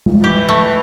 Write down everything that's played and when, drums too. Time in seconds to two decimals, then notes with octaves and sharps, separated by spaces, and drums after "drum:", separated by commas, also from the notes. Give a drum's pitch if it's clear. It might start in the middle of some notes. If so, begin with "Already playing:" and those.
0.06 drum: tom G#3
0.24 E3 G4
0.49 A3